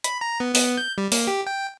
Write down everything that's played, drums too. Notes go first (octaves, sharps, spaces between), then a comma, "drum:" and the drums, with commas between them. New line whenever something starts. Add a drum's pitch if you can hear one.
B5, drum: hi-hat
A#5
B3
B3, drum: open hi-hat
G6
G3
A#3, drum: open hi-hat
G4
G5